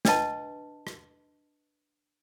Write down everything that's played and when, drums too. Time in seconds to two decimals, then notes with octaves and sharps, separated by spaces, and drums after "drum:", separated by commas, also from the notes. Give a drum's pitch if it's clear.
0.05 D4 B4 D#5 A5, drum: snare
0.87 drum: rim click